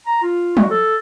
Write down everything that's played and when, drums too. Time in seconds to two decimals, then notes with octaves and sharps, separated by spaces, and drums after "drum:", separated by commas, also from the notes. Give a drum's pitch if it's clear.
0.06 A#5
0.22 F4
0.57 F#4, drum: tom
0.70 A4